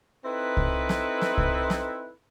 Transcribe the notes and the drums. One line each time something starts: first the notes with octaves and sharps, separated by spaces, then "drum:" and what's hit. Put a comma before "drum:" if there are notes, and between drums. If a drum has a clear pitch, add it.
C4 D#4 E4 A4 B4
drum: kick C2
drum: snare
drum: snare
drum: kick C2
drum: snare